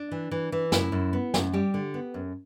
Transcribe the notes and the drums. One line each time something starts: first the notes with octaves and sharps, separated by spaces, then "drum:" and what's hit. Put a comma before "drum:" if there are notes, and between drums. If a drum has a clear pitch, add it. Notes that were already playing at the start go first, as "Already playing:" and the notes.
Already playing: D4
E3
E3
E3
F#2 E4, drum: snare
F#2
B3
F#2, drum: snare
G3 G4
D3
B3
F#2